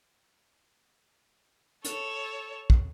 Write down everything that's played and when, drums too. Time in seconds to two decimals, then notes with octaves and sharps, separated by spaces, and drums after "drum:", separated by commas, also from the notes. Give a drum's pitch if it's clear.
1.85 A4 C#5, drum: hi-hat
2.70 drum: kick